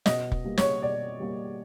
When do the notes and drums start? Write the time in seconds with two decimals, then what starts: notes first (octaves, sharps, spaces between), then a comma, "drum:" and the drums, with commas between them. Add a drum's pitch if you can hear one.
0.06 B2 D#5, drum: snare
0.32 drum: kick
0.44 G3 A#3
0.58 C#5, drum: snare
0.82 B2 D5
1.20 G3 A#3